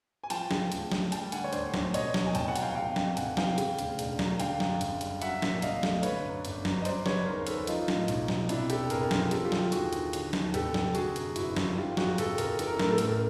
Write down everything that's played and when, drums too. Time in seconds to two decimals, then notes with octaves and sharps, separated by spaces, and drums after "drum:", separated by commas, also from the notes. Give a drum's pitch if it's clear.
0.24 G#5
0.30 F3 G5 A5, drum: hi-hat
0.51 C#3, drum: snare
0.72 D2, drum: hi-hat
0.92 D2, drum: snare
1.12 G3 G5 A5, drum: hi-hat
1.32 D3 F#5 G#5, drum: hi-hat
1.44 C#5
1.53 D2 C5 D5, drum: hi-hat
1.74 D2, drum: snare
1.94 B2 C#5 D#5, drum: hi-hat
2.14 E2, drum: snare
2.27 G#5
2.35 F1 G5 A5, drum: hi-hat
2.48 F#5 G#5
2.56 F#3, drum: hi-hat
2.62 F5 G5
2.75 C3 F5 G5
2.96 F2, drum: snare
3.17 F1 F#5 G#5, drum: hi-hat
3.37 E3 F5 G5, drum: snare
3.58 C#3, drum: hi-hat
3.79 D2, drum: hi-hat
3.99 E1, drum: hi-hat
4.19 F#3, drum: snare
4.40 D3 F5 G5, drum: hi-hat
4.60 F#2, drum: snare
4.81 F#1, drum: hi-hat
5.01 G3, drum: hi-hat
5.22 F#3 E5 F#5, drum: hi-hat
5.42 A#2, drum: snare
5.62 C2 D#5 F5, drum: hi-hat
5.83 A3, drum: snare
6.03 D3 B4 C#5, drum: hi-hat
6.24 F#2
6.45 G1, drum: hi-hat
6.65 F#3, drum: snare
6.82 D#5
6.85 F#3 C5 D5, drum: hi-hat
7.06 C#3 B4 C#5, drum: snare
7.26 D#2 A#4 C5
7.47 D#2 A4 B4, drum: hi-hat
7.67 F3 D#4 F4, drum: hi-hat
7.88 A2, drum: snare
8.08 B1, drum: hi-hat
8.28 B1, drum: snare
8.49 C3 D4 E4, drum: hi-hat
8.70 E2 G4 A4, drum: hi-hat
8.90 F#1 G#4 A#4, drum: hi-hat
9.11 F3, drum: snare
9.31 F3 G4 A4, drum: hi-hat
9.45 F4 G4
9.52 D3, drum: snare
9.59 F4 G4
9.72 D#2 F#4 G#4, drum: hi-hat
9.93 D#2, drum: hi-hat
10.13 D3, drum: hi-hat
10.33 D#2, drum: snare
10.54 F1 G4 A4, drum: hi-hat
10.74 F1, drum: snare
10.95 D3 F#4 G#4, drum: hi-hat
11.16 F#2, drum: hi-hat
11.36 G1 E4 F#4, drum: hi-hat
11.56 F3, drum: snare
11.77 D#3 F4 G4
11.97 F#2 F#4 G#4, drum: snare
12.18 F#1 G4 A4, drum: hi-hat
12.38 F#1 G#4 A#4, drum: hi-hat
12.59 E3 A4, drum: hi-hat
12.67 A#4
12.75 A4
12.79 A2 A#4, drum: snare
12.91 A4
12.98 A1 A#4, drum: hi-hat
13.06 A4
13.14 A#4